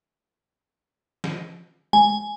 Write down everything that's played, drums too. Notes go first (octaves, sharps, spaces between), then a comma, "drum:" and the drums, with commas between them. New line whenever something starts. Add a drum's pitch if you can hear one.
drum: snare
G#5, drum: tom G#3